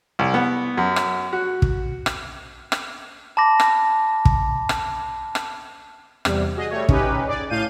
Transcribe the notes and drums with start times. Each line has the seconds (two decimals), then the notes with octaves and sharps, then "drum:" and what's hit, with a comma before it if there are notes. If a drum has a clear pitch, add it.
0.19 C2
0.34 B3
0.77 F#2
0.96 drum: rim click
1.33 F#4
1.62 drum: kick
2.06 drum: rim click
2.72 drum: rim click
3.37 A5 B5 D6 A#6
3.60 drum: rim click
4.25 drum: kick
4.69 drum: rim click
5.35 drum: rim click
6.25 E2 C3 G3, drum: rim click
6.56 F#4 G#4 D#5
6.70 G3 A3 C#5
6.89 C#4 D#4 G4 B4, drum: kick
7.26 G#4 D5
7.50 A2 F5 G6 D#7